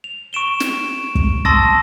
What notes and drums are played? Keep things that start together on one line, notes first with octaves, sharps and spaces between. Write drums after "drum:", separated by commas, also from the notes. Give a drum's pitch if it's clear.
F7
C#6 D7 E7 G7
drum: snare
drum: kick
A5 C6 D#6 E6 A6 A#6, drum: kick